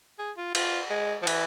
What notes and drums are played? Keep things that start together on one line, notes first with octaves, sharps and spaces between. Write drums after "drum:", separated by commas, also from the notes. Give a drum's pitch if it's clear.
G#4
F4
F4, drum: cymbal
G#3
F3
E3, drum: cymbal